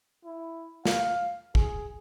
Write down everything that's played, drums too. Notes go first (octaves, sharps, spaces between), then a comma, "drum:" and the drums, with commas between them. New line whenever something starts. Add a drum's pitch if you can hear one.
E4
F5, drum: snare
G#4, drum: kick